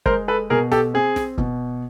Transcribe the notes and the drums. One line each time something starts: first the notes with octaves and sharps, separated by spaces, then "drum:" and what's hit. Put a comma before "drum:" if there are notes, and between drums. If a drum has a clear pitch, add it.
G#3 A#4 C5, drum: kick
A4 B4
B2 G#4 A#4
G4 A4, drum: snare
C4 G#4
drum: snare
B2, drum: kick